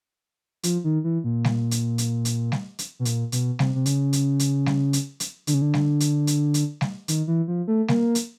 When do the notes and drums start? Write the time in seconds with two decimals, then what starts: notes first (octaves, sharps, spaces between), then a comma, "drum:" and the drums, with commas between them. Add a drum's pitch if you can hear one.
0.63 F3, drum: hi-hat
0.84 D#3
1.04 E3
1.24 A#2
1.44 drum: snare G3
1.71 drum: hi-hat
1.98 drum: hi-hat
2.25 drum: hi-hat
2.52 drum: snare G3
2.79 drum: hi-hat
3.00 B2
3.05 A#2, drum: hi-hat
3.32 B2, drum: hi-hat
3.59 C3, drum: snare G3
3.75 C3
3.86 C#3, drum: hi-hat
4.13 drum: hi-hat
4.39 drum: hi-hat
4.66 drum: snare G3
4.93 drum: hi-hat
5.20 drum: hi-hat
5.47 D3, drum: hi-hat
5.54 C#3
5.62 D3
5.74 drum: snare G3
6.00 drum: hi-hat
6.27 drum: hi-hat
6.54 drum: hi-hat
6.81 drum: snare G3
7.08 D#3, drum: hi-hat
7.27 E3
7.48 F3
7.68 A3
7.88 A#3, drum: snare G3
8.15 drum: hi-hat